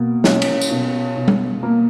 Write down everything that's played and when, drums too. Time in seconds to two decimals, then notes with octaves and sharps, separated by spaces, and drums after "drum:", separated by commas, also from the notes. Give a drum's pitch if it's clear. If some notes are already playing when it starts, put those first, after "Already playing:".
Already playing: B2 A#3
0.24 C#4, drum: snare
0.42 drum: cymbal
0.61 drum: tambourine
0.71 B2
1.17 B2
1.28 drum: tom G3
1.63 A#3